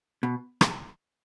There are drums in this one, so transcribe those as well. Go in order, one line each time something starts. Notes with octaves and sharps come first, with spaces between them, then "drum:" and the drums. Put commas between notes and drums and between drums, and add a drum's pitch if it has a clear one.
B2
drum: rim click